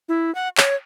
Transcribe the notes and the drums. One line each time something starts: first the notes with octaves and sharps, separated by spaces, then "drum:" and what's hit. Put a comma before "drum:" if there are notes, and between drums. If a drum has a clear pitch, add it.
E4
F#5
C#5, drum: clap